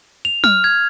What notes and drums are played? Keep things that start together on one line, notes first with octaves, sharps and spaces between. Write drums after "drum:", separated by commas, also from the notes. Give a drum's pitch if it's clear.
F7
F6, drum: tom F#3
G#6